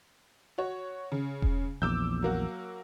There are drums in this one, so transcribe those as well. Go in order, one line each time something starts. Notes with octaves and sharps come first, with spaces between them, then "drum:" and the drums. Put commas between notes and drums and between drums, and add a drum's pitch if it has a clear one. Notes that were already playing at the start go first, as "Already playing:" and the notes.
F#4 C#5
C#3
drum: kick E1
A#1 E2 D6 E6 G6
F#3 A#3 F#4